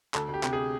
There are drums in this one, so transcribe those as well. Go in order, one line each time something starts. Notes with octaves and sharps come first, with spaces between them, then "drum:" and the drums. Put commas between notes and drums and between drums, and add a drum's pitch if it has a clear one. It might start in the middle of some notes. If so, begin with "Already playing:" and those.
D2 A4, drum: clap
D2
G4
C3, drum: clap
G#4